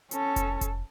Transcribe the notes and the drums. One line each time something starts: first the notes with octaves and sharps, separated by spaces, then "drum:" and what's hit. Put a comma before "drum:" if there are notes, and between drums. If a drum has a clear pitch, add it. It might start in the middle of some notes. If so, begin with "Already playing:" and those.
C#4 A4, drum: hi-hat
drum: kick F1, hi-hat
drum: kick F1, hi-hat